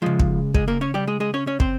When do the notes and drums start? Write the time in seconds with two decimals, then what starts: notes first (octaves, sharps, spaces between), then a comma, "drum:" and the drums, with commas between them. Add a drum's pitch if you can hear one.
0.02 C#3 F3 G#3 F4
0.20 drum: kick
0.55 G#3 G#4, drum: kick
0.68 A#3 A#4
0.81 C#4 C#5
0.94 G3 G4
1.07 G#3 G#4
1.20 G#3 G#4
1.34 C#4 C#5
1.47 C#4 C#5
1.60 C4 C5, drum: kick